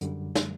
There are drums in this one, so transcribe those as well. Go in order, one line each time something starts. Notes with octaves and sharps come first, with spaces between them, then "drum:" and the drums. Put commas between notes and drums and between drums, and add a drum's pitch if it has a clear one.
F#2 D3 G3, drum: hi-hat
drum: snare